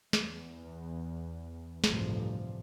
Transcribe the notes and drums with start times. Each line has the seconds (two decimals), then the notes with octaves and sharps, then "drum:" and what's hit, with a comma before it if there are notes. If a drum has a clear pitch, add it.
0.13 E2, drum: snare
1.84 A1 D2 G2 C3 F3, drum: snare